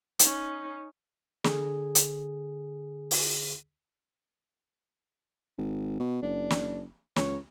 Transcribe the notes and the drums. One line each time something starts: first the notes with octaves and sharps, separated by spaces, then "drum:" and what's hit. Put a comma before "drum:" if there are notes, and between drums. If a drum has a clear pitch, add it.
C#4 D#4, drum: hi-hat
D3 G#4, drum: snare
drum: hi-hat
drum: open hi-hat
G#1
B2
F#1 D4
drum: snare
C#2 C#5, drum: snare